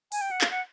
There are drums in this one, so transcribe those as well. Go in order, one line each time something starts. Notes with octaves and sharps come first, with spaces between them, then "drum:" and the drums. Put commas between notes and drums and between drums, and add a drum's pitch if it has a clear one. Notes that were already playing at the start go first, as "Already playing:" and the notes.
G#5, drum: open hi-hat
G5
F#5
F5, drum: clap
F#5